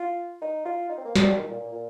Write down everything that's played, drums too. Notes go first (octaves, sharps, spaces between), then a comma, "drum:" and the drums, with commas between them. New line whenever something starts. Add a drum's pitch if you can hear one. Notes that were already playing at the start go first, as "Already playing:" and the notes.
Already playing: F4
D#4
F4
D#4
C4
A#3
A#3, drum: snare
G3
D#3
A#2
A#2
A#2